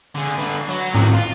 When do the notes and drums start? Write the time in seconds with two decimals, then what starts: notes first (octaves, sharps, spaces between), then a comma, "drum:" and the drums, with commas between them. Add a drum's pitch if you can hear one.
0.15 D3 G#4
0.38 D3 B4
0.68 F#3
0.94 D#3 F#4, drum: tom G#2
1.13 F4